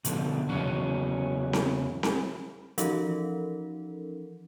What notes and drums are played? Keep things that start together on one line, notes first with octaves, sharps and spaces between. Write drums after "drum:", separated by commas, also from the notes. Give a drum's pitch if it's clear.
B2 D3 F3, drum: hi-hat
E2 C#3 F#3 C#4
drum: snare C4
drum: snare C4
E3 F3 C#4 D#4 A4 A#4, drum: hi-hat